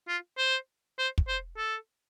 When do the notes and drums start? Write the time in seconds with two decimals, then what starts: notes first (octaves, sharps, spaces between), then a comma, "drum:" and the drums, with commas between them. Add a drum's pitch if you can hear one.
0.08 F4
0.38 C5
0.98 C5
1.18 drum: kick
1.28 C5
1.57 A4